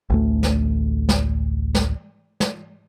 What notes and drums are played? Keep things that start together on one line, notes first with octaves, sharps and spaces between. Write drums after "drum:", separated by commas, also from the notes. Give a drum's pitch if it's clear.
A1 D2 A3
drum: snare
drum: snare
drum: snare
drum: snare